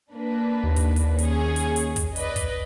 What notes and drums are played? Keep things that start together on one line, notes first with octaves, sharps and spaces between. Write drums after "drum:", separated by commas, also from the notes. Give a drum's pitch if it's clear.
A#3 D4 B4
D#2
drum: kick, hi-hat
drum: hi-hat
C#4 G#4, drum: hi-hat
drum: hi-hat
drum: hi-hat
drum: kick, hi-hat
B4 D5 D#5, drum: hi-hat
drum: kick, hi-hat